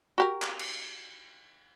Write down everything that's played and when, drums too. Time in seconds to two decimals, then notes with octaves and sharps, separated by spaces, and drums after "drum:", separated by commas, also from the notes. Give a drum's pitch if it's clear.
0.18 F#4 G4 A#4
0.42 drum: clap
0.59 drum: cymbal